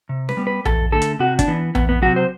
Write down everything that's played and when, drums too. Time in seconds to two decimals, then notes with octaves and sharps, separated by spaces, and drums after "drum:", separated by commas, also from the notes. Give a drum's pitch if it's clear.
0.09 C3
0.29 B4, drum: snare
0.37 G3 B3
0.47 B4
0.65 E2 A4, drum: tom A#1
0.92 D3 A3 A4
1.02 drum: hi-hat
1.19 C3 F#4
1.39 D4, drum: kick, hi-hat
1.48 E3 B3
1.75 E2 B3, drum: tom A#1
1.89 B3
2.02 C3 F#3 F#4
2.16 C5